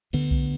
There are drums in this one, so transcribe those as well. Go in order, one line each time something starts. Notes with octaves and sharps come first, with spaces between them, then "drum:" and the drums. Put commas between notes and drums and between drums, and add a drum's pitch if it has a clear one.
D2 D3 B3, drum: cymbal
drum: kick B1